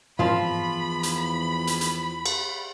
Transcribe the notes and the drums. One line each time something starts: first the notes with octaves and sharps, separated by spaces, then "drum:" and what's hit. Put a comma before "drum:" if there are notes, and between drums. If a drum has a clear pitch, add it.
E2 F3 F4 B5, drum: tom
drum: hi-hat
drum: hi-hat
drum: hi-hat
drum: cymbal